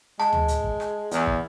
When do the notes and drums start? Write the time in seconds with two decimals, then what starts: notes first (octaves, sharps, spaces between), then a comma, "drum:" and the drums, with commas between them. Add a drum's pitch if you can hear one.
0.20 G#3 A5, drum: rim click
0.32 drum: tom D2
0.48 drum: hi-hat
0.64 drum: kick
0.80 drum: rim click
1.11 E2, drum: hi-hat
1.27 drum: kick